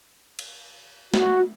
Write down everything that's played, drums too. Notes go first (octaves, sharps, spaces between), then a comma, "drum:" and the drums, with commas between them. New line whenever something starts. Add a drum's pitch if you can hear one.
drum: cymbal
F#4, drum: snare